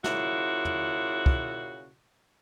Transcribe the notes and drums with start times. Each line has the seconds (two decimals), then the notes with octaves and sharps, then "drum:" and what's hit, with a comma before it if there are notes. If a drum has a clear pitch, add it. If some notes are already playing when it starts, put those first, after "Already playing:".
0.04 A#2 C#3 E4 F#4, drum: snare
0.65 drum: tom
1.26 drum: kick